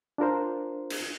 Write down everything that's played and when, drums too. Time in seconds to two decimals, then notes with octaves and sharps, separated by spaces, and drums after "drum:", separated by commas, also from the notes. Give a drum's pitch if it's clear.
0.18 D4 F4 A#4 C5
0.90 drum: cymbal